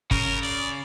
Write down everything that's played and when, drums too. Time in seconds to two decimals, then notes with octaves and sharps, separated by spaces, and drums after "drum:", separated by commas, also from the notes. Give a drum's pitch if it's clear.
0.11 C#3 A#4, drum: kick
0.42 D5